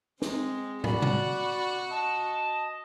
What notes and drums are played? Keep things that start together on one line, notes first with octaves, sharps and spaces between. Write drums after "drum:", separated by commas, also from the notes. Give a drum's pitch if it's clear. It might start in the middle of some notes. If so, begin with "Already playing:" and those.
G#3 C4, drum: snare
F#4 D5 B5, drum: tom
drum: tom C3
D#5 A5